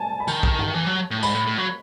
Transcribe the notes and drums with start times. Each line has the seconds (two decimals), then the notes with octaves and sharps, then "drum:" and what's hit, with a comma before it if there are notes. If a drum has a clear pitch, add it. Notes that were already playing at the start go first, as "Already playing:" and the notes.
Already playing: G#5 A5
0.20 B5
0.28 D#3 A5, drum: tambourine
0.43 drum: kick A#1
0.59 drum: tom G2
0.74 E3
0.87 F#3
1.11 A2
1.23 G#2 B5, drum: tambourine
1.35 A2
1.47 A2
1.58 F#3